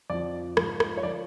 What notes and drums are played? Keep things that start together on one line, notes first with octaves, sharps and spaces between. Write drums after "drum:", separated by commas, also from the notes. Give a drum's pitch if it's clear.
F2 F3 D5
G#2 F3, drum: rim click
drum: rim click
C#5
F3 D5